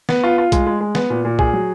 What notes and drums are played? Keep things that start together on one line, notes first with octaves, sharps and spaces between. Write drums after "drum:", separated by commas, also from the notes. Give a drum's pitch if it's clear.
B3, drum: snare
F4
F4
G#3, drum: kick, hi-hat
G#3
G#3
B3, drum: snare
A#2
A#2
G#4, drum: kick
F#3